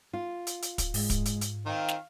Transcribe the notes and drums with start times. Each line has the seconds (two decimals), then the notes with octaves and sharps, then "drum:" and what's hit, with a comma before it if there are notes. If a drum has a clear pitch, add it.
0.13 F4
0.47 drum: hi-hat
0.62 drum: hi-hat
0.78 drum: kick, hi-hat
0.94 G#2 G#3, drum: open hi-hat
1.10 drum: kick, hi-hat
1.25 drum: hi-hat
1.41 drum: hi-hat
1.66 D#3 C4 F5
1.89 drum: snare